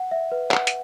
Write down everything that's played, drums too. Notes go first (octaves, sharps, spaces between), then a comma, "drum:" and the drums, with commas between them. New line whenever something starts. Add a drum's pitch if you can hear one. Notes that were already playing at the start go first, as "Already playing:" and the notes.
Already playing: F#5
E5
B4
F#5, drum: clap
drum: hi-hat